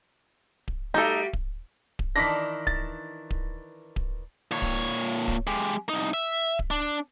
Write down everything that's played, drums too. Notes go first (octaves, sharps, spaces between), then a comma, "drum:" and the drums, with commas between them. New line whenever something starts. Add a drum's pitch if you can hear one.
drum: kick D1
G3 A3 D#4 F#4 A4
drum: kick D1
drum: kick D1
D#3 E3 D4 A#6 B6
A6, drum: kick D1
drum: kick D1
drum: kick D1
A#2 C#5
drum: kick D1
drum: kick D1
G#3 G4
C2 D#4
E5
drum: kick D1
D4